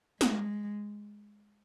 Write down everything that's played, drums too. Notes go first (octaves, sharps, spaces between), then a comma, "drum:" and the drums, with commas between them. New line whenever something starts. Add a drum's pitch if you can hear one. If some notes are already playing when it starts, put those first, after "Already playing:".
G#3, drum: snare